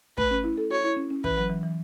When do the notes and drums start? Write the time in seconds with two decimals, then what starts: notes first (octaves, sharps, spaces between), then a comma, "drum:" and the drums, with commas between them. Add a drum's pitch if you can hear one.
0.18 A3 B4, drum: kick
0.31 C#4
0.44 E4
0.57 A4
0.70 F#4 C#5
0.84 E4
0.97 C#4
1.10 C#4
1.24 E3 B4, drum: kick
1.38 F#3
1.50 E3
1.63 E3